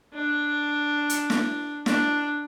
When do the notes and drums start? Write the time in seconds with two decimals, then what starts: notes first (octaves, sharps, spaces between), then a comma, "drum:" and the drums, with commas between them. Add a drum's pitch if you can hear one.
0.14 D4
1.09 drum: hi-hat
1.30 drum: snare
1.86 D4, drum: snare